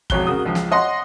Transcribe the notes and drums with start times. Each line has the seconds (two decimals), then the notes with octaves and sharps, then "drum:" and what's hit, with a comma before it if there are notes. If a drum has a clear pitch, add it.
0.10 E1 F2 C#5 F#6 G7, drum: kick
0.27 C#3 F#4 A#4 D#6
0.46 C#2 F3
0.55 drum: snare
0.71 C#5 D#5 F#5 C6